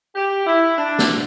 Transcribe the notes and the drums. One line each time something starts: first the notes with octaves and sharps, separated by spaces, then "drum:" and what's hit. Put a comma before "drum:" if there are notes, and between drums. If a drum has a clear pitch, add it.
G4
E4
D4
drum: snare